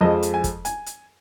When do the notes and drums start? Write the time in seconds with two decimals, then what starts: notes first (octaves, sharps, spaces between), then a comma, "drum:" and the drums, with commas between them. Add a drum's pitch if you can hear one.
0.01 F2 F3 G#3 D#5
0.23 drum: hi-hat
0.34 G#5
0.44 drum: kick, hi-hat
0.65 G#5, drum: hi-hat
0.86 drum: hi-hat